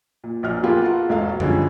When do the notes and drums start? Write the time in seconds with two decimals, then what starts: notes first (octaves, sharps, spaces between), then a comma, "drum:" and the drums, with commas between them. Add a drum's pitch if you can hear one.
0.24 A#2
0.43 A#1 A#2 F#3 F6
0.63 A#3 B3 F4 G4 G#4
0.82 F4 F#4 A4 F#5
1.09 E1 G#2 F#3 A4 F5
1.40 B2 D3 F3 G3 C#4 G#4, drum: tom F#2